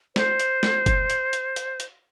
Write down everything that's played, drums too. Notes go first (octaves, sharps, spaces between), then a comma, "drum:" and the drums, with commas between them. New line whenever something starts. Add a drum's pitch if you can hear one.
C5, drum: snare
drum: hi-hat
drum: snare
drum: kick, hi-hat
drum: hi-hat
drum: hi-hat
drum: hi-hat
drum: hi-hat